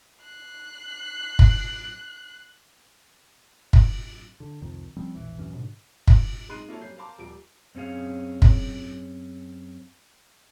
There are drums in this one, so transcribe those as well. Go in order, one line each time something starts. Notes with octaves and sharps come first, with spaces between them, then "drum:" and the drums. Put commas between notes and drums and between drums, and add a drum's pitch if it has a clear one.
F#6 C7
drum: kick
drum: kick
D3
C2 F2 D#3
F3 G3 C4 C#4
E1 A#1 E3
D#1 F#2 E3 C#4
G#2 B2 D3
drum: kick
G#3 D#4 C6 F#6 C7 D#7
A#3 E4 F4 A4 C#5
F#2 G3 C#4 G6 C7
A#4 C5 F5 A5 C6 D6
D#1 F3 G3 D7
F#2 C4 C#4 F4 G#4 F5
drum: kick